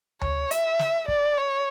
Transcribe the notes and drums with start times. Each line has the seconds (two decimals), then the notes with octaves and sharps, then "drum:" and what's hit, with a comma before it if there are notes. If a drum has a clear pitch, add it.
0.21 C#5, drum: tom D2
0.51 E5, drum: hi-hat
0.79 drum: snare
1.08 D5, drum: kick
1.37 C#5